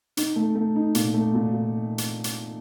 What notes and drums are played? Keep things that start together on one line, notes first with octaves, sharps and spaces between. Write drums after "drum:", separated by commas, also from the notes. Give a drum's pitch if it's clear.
D#4, drum: hi-hat
A3
A3
D#4
A#2, drum: hi-hat
A3
A#2
A#2
drum: hi-hat
drum: hi-hat